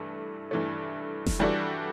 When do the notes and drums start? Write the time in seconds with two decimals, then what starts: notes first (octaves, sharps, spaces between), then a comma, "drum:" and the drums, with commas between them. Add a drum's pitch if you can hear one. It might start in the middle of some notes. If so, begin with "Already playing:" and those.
Already playing: G2 E3 A3
0.51 G2 E3 A3
1.26 drum: snare F1
1.39 E3 G3 D4 F#4 A4